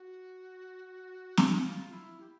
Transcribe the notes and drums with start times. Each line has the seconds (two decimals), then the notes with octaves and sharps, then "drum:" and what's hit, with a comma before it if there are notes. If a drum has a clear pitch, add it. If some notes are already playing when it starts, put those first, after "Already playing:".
Already playing: F#4
1.37 drum: snare
1.61 F4
1.91 E4
2.20 G4